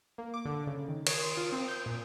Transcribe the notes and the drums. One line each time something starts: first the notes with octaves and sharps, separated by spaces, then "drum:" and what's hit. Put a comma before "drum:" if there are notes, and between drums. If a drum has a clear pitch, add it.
A#3
D6
D3
C#3
D#3
C#5, drum: cymbal
C6
F4
C4
G6
A#2